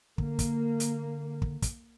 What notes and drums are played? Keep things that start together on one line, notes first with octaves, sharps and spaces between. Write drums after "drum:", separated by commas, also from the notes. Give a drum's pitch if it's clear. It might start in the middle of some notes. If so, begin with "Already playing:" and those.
D3 A#3, drum: kick
drum: kick, hi-hat
drum: hi-hat
drum: kick
drum: kick, hi-hat